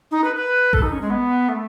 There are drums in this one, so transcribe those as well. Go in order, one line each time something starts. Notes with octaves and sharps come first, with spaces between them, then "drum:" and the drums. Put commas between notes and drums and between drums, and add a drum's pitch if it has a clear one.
D#4
B4
B4
A4, drum: kick A1
D#4
C#4
G#3
B3
A3